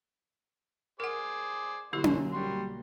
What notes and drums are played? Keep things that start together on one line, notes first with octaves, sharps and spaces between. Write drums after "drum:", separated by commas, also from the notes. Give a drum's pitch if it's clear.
G#4 A#4 C5 D5 F#5
B1 D3 F#3 A#3 E4 F#4 G4 C5
drum: tom C#4
G3 F#4 C6